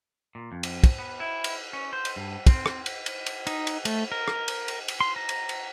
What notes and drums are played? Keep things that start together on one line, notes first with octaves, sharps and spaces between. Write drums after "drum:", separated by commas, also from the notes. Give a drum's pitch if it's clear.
A#2
F2
drum: cymbal
drum: kick, cymbal
B3
E4
drum: cymbal
C#4
C5
drum: cymbal
G2
C4, drum: kick, cymbal
drum: rim click
drum: cymbal
drum: cymbal
drum: cymbal
D#4, drum: cymbal
drum: cymbal
A3, drum: cymbal
A#4
drum: rim click
drum: cymbal
drum: cymbal
drum: cymbal
C6
A#5
drum: cymbal
drum: cymbal